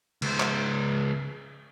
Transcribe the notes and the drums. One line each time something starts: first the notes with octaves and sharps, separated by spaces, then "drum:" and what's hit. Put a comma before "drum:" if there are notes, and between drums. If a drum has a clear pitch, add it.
C#2 C5, drum: cymbal
drum: clap